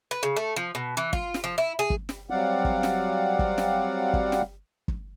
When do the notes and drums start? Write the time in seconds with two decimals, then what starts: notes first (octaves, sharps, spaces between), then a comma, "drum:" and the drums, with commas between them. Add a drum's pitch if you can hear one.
0.11 B4
0.23 C#3
0.36 A3
0.56 F3
0.75 B2
0.97 E3
1.13 F4, drum: kick
1.34 drum: snare
1.44 F3
1.58 E4
1.79 G#4
1.90 drum: kick
2.09 drum: snare
2.30 F#3 G3 C4 D5 F5 F#5
2.65 drum: kick
2.83 drum: snare
3.39 drum: kick
3.58 drum: snare
4.14 drum: kick
4.32 drum: snare
4.88 drum: kick